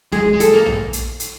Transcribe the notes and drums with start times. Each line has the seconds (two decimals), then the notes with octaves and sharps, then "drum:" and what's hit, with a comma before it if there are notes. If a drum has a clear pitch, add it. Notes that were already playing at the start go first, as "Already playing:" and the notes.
0.12 G#3 G#4, drum: snare
0.33 G#3
0.40 A4, drum: hi-hat
0.53 A#3
0.66 drum: tom A#1
0.93 drum: hi-hat
1.20 drum: hi-hat